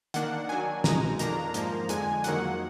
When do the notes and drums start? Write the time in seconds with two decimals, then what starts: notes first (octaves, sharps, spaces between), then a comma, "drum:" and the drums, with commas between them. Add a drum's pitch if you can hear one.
0.14 D#3 A#3 D4 F#5, drum: hi-hat
0.49 D#3 F#3 D4 G#5
0.84 B2 G#3 D#4 A#5, drum: snare
1.19 F2 D#3 A#3 D4 A#5, drum: hi-hat
1.54 G#2 F3 A#3, drum: hi-hat
1.89 F2 D3 G#3 G#5, drum: hi-hat
2.24 F2 D#3 F#3 A#3 F#5, drum: hi-hat